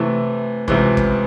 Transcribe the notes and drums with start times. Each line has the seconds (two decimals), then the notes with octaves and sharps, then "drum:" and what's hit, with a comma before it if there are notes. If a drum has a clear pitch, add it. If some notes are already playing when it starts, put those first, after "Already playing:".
Already playing: C3 E3 A3
0.68 C#2 C3 E3, drum: kick
0.97 drum: kick